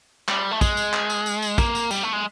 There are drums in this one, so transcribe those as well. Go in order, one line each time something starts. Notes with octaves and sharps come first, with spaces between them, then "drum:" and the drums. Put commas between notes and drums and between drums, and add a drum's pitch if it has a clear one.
G3, drum: clap
A3
G#3, drum: kick, tambourine
drum: tambourine
drum: clap
drum: tambourine
drum: tambourine
drum: tambourine
A#3, drum: kick, tambourine
drum: tambourine
G3, drum: tambourine
A3
G#3